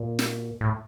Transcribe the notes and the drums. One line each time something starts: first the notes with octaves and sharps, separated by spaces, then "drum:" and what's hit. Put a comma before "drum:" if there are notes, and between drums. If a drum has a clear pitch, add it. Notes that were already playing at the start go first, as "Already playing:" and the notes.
Already playing: A#2
drum: snare
A2